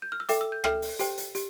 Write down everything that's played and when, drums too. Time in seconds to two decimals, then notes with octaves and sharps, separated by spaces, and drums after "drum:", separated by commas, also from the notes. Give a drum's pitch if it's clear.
0.02 G6
0.12 F6
0.20 E6
0.29 A4 E5 G5 D6, drum: hi-hat
0.41 E6
0.52 G6
0.64 A4 E5 G5 F6, drum: rim click
0.82 drum: open hi-hat
0.99 G4 C5 G5, drum: hi-hat
1.18 drum: hi-hat
1.35 G4, drum: hi-hat